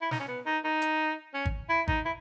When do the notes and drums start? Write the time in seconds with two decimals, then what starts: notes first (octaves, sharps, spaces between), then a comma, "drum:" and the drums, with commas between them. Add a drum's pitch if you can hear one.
0.01 E4
0.11 D#4, drum: snare
0.20 C#4
0.28 B3
0.46 D#4
0.64 D#4
0.82 drum: hi-hat
1.34 C#4
1.45 drum: kick G#1
1.69 E4
1.88 D#4, drum: kick G#1
2.05 E4